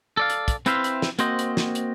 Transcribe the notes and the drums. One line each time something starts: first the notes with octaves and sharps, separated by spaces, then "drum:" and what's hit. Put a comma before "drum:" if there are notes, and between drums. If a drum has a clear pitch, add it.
A4 D5 F5
drum: hi-hat
drum: kick, hi-hat
C4 E4 B4 C5 E5 F5, drum: hi-hat
drum: hi-hat
drum: snare
A#3 C4 F#4 C5 D#5, drum: hi-hat
drum: hi-hat
drum: snare
drum: hi-hat